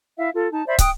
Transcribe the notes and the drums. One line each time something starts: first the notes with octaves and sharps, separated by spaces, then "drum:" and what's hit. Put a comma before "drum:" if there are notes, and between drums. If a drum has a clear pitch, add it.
E4 E5 F5
F4 A4
D#4 A5
C5 D5 E5 B5
G5 D#6 F#6, drum: kick, hi-hat